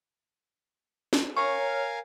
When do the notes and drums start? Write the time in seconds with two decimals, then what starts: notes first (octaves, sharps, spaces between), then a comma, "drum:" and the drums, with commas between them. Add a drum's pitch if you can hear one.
1.13 drum: snare
1.37 A#4 C#5 F5 G#5 A#5 C#6